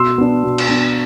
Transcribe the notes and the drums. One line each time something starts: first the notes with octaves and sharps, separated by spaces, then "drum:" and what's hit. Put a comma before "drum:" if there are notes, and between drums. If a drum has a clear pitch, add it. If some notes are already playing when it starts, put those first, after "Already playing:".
Already playing: B2 C6 E6
B3 D4
B2
drum: cymbal
B3 D4